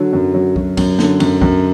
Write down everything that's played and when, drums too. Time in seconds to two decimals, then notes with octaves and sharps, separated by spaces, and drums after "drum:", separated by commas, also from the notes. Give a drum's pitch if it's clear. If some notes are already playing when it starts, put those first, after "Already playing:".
Already playing: D3 F#3
0.13 F#2
0.34 F#3
0.56 F#3, drum: kick
0.77 F#2, drum: kick, cymbal
0.99 D3, drum: snare
1.20 F#2, drum: cymbal
1.42 F#2, drum: kick